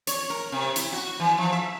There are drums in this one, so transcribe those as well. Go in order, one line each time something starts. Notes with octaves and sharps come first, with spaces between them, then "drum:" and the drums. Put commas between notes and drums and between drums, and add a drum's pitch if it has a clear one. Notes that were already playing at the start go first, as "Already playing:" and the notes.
C#5, drum: hi-hat
A#4
C3
E4, drum: hi-hat
F#4
E3
F3
E5